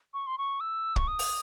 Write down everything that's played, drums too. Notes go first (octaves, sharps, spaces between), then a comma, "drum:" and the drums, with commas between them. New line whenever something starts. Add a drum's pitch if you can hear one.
C#6
C6
C#6
E6
C#6, drum: kick
D#6
drum: open hi-hat